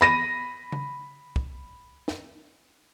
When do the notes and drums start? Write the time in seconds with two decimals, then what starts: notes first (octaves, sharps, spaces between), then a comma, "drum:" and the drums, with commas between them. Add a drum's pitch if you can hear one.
0.01 B5 A#6 D#7
0.72 drum: tom C#3
1.36 drum: kick
2.08 drum: snare